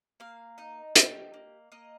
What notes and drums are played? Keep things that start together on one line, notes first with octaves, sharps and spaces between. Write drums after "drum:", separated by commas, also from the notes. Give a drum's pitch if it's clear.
A#3 F5
D#4 D#5
G4, drum: hi-hat
A#3
A#3 D#5